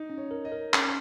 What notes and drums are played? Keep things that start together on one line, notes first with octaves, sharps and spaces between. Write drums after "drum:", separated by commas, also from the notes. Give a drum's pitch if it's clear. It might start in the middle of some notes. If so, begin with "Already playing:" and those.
Already playing: D#4
C#4
C#5
A#4
D#5
A#4
C#4, drum: clap